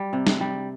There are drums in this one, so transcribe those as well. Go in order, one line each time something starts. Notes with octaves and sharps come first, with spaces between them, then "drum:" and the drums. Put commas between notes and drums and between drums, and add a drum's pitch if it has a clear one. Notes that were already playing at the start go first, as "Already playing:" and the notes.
Already playing: G3
C3
drum: snare
G3